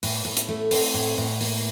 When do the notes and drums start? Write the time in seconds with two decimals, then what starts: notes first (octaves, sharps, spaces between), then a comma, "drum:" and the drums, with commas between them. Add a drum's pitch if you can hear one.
0.03 A2, drum: open hi-hat
0.25 A2
0.37 drum: hi-hat
0.49 A3
0.71 C4, drum: open hi-hat
0.94 A2
1.18 A2
1.41 A#3, drum: open hi-hat